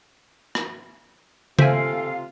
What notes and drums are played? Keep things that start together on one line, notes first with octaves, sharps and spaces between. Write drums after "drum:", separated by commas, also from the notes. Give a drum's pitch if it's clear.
drum: rim click
C3 F4 A4 C5 E5 F5 G#5, drum: tom C#3